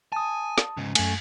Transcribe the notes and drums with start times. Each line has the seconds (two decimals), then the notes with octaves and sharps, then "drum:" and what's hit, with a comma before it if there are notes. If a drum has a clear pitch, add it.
0.12 G#5 A5 D#6
0.58 drum: snare
0.77 G#2 C#3
0.95 F#2 A3 G#5, drum: cymbal